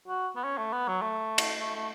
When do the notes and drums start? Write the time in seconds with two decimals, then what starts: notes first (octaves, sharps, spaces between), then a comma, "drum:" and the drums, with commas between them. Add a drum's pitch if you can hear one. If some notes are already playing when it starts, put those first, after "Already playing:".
0.08 F#4
0.36 B3
0.44 C#4
0.58 A3
0.73 B3
0.88 F#3
1.02 A3
1.38 drum: cymbal
1.60 A3
1.75 A3